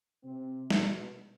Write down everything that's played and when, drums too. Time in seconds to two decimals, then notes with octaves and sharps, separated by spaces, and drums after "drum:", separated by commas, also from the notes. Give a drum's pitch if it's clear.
0.24 C3 C4
0.70 B2 B3, drum: snare